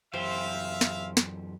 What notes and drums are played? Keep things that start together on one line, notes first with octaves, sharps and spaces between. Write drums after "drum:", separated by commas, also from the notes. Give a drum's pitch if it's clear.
F#2 E3 G4 C5 E5 F5
drum: snare
drum: snare